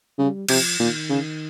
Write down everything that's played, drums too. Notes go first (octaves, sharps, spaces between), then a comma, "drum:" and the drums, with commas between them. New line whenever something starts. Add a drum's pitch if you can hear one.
C#3 G3
C3 F3, drum: cymbal
A#2 D#3
C#3